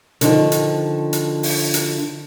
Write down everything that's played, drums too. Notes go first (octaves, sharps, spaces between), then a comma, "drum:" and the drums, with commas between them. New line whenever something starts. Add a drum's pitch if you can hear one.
D3 D#3 F3, drum: hi-hat
drum: hi-hat
drum: hi-hat
drum: open hi-hat
drum: hi-hat